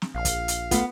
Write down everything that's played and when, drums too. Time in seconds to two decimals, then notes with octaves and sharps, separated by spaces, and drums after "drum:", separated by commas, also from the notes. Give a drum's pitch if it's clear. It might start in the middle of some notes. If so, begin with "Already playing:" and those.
0.02 drum: snare
0.15 A#1 F5
0.25 drum: kick, hi-hat
0.48 drum: hi-hat
0.71 A3 B3 F4, drum: kick, hi-hat